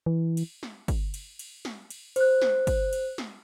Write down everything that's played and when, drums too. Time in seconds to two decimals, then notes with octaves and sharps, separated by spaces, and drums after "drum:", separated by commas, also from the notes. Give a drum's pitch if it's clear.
0.06 E3
0.37 drum: cymbal
0.63 drum: snare
0.88 drum: kick, cymbal
1.14 drum: cymbal
1.39 drum: cymbal
1.65 drum: snare
1.90 drum: cymbal
2.16 C5 F#6, drum: cymbal
2.42 drum: snare
2.67 drum: kick, cymbal
2.93 drum: cymbal
3.18 drum: snare